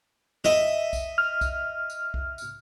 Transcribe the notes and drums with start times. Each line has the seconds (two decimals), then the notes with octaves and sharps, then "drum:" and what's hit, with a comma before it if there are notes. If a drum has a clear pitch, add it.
0.44 D#5 E5, drum: snare
0.93 drum: kick, tambourine
1.18 F6
1.41 drum: kick, tambourine
1.90 drum: tambourine
2.14 drum: kick
2.38 drum: tambourine